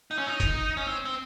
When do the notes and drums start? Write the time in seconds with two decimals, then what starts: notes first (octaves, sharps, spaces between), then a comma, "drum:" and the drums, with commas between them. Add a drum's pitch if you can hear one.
0.11 D#4
0.18 C#4
0.27 D#4
0.40 drum: kick, hi-hat
0.77 C#4
0.87 C4
1.05 C4